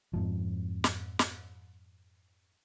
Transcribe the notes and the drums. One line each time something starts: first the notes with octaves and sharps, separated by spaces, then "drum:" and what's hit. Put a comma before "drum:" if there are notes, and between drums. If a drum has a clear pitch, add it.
F2 G#2 F3
drum: snare
drum: snare